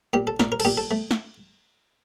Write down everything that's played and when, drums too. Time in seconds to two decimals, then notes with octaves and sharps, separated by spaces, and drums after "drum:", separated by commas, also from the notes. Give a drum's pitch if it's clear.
0.13 A#2 G4
0.27 A4
0.40 A#2 A#4, drum: snare
0.52 A#4
0.60 A4, drum: cymbal
0.65 A#2 G4
0.77 A4
0.91 A3
1.11 drum: snare